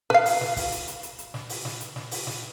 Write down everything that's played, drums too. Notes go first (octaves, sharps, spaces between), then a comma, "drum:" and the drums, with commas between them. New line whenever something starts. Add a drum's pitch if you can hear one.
B4 F5, drum: snare
drum: open hi-hat
drum: snare
drum: kick, open hi-hat
drum: hi-hat
drum: hi-hat
drum: hi-hat
drum: hi-hat
drum: snare
drum: open hi-hat
drum: snare
drum: hi-hat
drum: snare
drum: open hi-hat
drum: snare